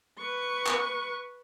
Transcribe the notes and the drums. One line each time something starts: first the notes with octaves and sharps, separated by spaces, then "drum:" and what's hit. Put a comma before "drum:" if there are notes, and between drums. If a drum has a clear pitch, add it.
B4 C#6
drum: clap